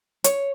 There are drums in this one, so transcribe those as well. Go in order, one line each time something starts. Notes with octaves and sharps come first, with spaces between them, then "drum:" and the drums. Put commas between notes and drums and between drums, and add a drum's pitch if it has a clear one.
C#5, drum: hi-hat